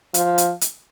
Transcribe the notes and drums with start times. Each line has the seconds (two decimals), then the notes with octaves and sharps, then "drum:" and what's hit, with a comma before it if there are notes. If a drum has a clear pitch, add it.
0.14 F3, drum: hi-hat
0.38 drum: hi-hat
0.61 drum: hi-hat